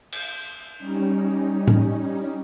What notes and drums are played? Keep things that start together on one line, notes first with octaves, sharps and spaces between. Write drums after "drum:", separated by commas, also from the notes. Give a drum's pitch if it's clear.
drum: cymbal
G3 C#4 D#4
drum: tom A2